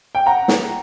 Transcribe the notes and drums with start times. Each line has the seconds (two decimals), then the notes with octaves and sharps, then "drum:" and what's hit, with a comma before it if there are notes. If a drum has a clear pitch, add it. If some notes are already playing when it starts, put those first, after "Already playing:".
0.15 G5
0.26 F#5 A#5
0.48 drum: snare